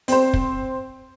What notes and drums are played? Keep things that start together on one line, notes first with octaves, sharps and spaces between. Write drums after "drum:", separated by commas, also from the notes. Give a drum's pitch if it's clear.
C4 C5, drum: hi-hat
drum: kick